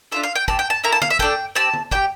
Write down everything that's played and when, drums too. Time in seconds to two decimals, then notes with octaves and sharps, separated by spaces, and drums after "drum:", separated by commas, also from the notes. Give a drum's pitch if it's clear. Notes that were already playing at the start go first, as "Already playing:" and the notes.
0.12 D4 F4 A4 E5
0.23 F5
0.35 G5
0.48 C4 G4 A5, drum: kick
0.59 G5
0.70 A5
0.84 A#3 E4 A4 A#5
0.92 A5
1.02 F5, drum: tom D3
1.10 E5
1.19 A3 D4 A4 G5, drum: kick
1.55 C4 G4 A5
1.74 drum: tom D3
1.91 D4 G4 G5, drum: kick